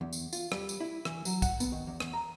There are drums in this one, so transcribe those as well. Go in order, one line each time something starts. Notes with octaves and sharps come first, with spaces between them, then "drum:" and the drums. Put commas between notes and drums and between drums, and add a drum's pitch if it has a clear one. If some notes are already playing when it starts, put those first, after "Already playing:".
E2
drum: tambourine
F4, drum: tambourine
G3, drum: rim click
drum: tambourine
E4
E3, drum: rim click
F#3, drum: tambourine
F#5, drum: kick, tambourine
B3, drum: tambourine
D#3
E2
drum: rim click
A#5